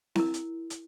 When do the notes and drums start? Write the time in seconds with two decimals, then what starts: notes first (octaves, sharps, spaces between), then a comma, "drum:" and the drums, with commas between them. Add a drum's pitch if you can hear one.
0.15 E4 A#4, drum: snare C4
0.34 drum: hi-hat
0.70 drum: hi-hat